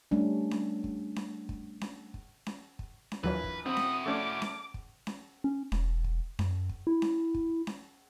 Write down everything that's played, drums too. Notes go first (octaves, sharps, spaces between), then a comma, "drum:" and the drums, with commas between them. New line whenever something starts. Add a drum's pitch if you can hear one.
G3 A3 C#4 D4
drum: snare C#4
drum: kick
drum: snare C#4
drum: kick
drum: snare C#4
drum: kick
drum: snare C#4
drum: kick
drum: snare C#4
A#1 D#2 E3 F#3 B4 C#5
drum: kick
C4 E4 F#4 B5 D#6
drum: snare C#4
A3 C#4 D5 D6
drum: snare C#4
drum: kick
drum: snare C#4
C#4
E1, drum: snare C#4
drum: kick
F#2, drum: snare C#4
drum: kick
E4
drum: snare C#4
drum: kick
drum: snare C#4